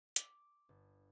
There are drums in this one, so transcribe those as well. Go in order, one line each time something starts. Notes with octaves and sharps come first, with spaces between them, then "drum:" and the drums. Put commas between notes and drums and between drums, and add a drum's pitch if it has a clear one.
D6, drum: hi-hat
G1